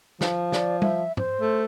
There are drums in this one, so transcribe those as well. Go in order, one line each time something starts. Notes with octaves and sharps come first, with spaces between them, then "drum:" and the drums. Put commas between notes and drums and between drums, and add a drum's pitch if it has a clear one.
F3, drum: snare
D5, drum: snare
E5, drum: tom G3
C5, drum: tom G#2
A3